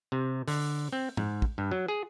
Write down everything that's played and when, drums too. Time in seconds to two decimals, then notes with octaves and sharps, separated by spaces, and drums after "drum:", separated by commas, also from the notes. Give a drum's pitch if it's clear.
0.12 C3
0.48 D3, drum: open hi-hat
0.93 C4
1.17 G#2, drum: tom
1.42 drum: kick
1.58 G2
1.71 F#3
1.88 G#4